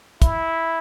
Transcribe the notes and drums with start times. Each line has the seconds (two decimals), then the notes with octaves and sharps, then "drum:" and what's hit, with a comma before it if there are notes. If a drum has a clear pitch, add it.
0.22 E4, drum: kick, hi-hat